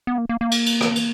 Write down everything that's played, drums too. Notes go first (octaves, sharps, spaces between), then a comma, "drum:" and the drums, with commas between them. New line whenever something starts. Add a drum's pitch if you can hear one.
B3
A#3
A#3
A#3
drum: cymbal
drum: cymbal
drum: rim click
drum: cymbal